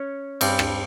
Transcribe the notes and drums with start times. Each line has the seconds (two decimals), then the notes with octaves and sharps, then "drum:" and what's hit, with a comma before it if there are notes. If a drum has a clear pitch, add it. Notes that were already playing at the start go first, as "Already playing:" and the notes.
Already playing: C#4 C#5
0.41 G2 G3 C4, drum: cymbal
0.59 drum: rim click